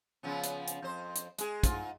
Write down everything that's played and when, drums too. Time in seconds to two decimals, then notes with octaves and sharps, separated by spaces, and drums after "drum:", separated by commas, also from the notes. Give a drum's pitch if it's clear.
0.23 C#3 F3 B3
0.43 drum: hi-hat
0.67 drum: hi-hat
0.82 F2 C5
1.15 drum: hi-hat
1.38 G#3 G#4, drum: hi-hat
1.63 G#2 F4, drum: kick, hi-hat